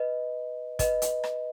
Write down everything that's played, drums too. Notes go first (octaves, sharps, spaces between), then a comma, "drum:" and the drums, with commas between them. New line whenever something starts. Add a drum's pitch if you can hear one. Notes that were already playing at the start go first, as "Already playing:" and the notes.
Already playing: B4 D#5
B4 D#5, drum: kick, hi-hat
drum: hi-hat
drum: rim click